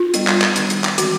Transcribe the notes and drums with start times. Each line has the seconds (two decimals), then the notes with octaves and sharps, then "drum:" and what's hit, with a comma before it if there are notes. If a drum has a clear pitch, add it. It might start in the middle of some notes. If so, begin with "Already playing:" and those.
Already playing: F4
0.14 G3 B3 D4, drum: hi-hat
0.27 drum: clap
0.42 drum: clap
0.56 D#3 G3 B3 D4, drum: hi-hat
0.70 drum: hi-hat
0.84 drum: clap
0.98 E3 G#3 C4 F#4, drum: hi-hat